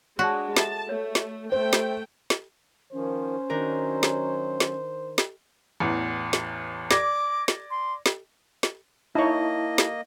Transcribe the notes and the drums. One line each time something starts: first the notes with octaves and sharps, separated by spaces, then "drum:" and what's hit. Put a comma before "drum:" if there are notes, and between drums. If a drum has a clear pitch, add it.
G#3 D4 F#4 C#5 D5 A5
G#4 A4 E5 A5, drum: snare
A3 C#5
drum: snare
A3 C5 G5
drum: snare
drum: snare
D#3 F3 C#4 C5
D#3 F#3 D4 A#4
drum: snare
drum: snare
drum: snare
A1 E2
drum: snare
D5 D6 G#6 A#6, drum: snare
drum: snare
C6
drum: snare
drum: snare
A#3 D#4 E4 C#5 D#5 A5
drum: snare